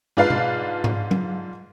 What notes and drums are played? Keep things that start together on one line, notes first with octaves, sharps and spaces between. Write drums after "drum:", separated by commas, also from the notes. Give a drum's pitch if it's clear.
G#2 D4 F4 B4 F5
drum: tom B2
drum: tom G#2
drum: tom F#3